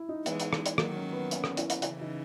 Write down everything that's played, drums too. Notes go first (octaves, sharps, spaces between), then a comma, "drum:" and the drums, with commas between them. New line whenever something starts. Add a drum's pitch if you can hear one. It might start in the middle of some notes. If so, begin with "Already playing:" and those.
Already playing: E4
D#4
E3 G#3 B3, drum: hi-hat
drum: hi-hat
drum: rim click
drum: hi-hat
D#3 F#3 A#3, drum: rim click
C#4
B3
C#4, drum: hi-hat
drum: rim click
E4, drum: hi-hat
drum: hi-hat
C#3 E3 E4, drum: hi-hat
D#4